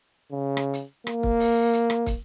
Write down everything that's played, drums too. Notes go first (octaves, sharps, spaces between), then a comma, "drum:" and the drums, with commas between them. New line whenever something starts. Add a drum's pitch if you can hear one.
C#3
drum: rim click
drum: hi-hat
A#3, drum: rim click
drum: kick
drum: open hi-hat
drum: hi-hat
drum: rim click
drum: kick, hi-hat